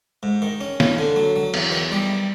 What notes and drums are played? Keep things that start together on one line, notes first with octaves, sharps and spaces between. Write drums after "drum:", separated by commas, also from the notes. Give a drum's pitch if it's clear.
G#2
D#3
C#4
C#4, drum: snare
D3
F#3
F#3
E2, drum: cymbal
D#3
G3